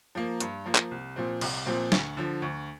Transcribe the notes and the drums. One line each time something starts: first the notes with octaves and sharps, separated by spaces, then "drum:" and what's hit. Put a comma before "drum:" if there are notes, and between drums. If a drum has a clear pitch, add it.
F3 A#3
G2, drum: hi-hat
F3 A#3
drum: clap
C2
A#2 F3 C4
C2, drum: cymbal
A#2 F3 C4
D2, drum: snare
D3 F3
D2